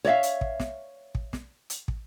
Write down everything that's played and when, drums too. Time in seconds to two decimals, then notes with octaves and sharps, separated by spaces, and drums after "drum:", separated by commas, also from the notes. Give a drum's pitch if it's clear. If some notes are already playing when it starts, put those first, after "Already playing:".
0.05 C#5 D5 E5 F5
0.23 drum: hi-hat
0.41 drum: kick
0.60 drum: snare
1.15 drum: kick
1.33 drum: snare
1.70 drum: hi-hat
1.88 drum: kick